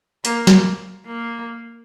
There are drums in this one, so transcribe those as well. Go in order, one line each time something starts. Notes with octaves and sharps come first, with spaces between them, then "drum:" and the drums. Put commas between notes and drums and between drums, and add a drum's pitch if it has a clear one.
A#3, drum: hi-hat
drum: snare
A#3